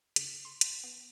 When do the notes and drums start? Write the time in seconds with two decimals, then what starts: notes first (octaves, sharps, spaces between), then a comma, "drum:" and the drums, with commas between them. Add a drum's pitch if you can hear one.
0.16 C#3, drum: hi-hat
0.45 C6
0.61 drum: hi-hat
0.84 B3